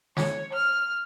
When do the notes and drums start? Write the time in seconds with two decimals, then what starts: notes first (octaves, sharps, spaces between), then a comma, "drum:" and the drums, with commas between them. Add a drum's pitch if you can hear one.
0.17 C#5, drum: snare
0.53 F6